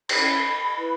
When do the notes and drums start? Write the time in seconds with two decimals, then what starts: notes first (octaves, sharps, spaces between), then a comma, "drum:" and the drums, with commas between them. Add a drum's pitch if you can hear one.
0.09 C#4 E4 A4 C#5 B5, drum: cymbal
0.76 E4 B4